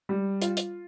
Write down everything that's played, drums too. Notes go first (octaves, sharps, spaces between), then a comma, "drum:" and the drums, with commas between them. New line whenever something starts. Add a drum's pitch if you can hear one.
G3
F4, drum: hi-hat
drum: hi-hat